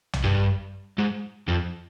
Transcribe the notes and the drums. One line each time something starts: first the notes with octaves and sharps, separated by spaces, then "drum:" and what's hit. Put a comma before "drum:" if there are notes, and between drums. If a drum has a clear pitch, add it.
drum: tom A#1
G2
G#2
F2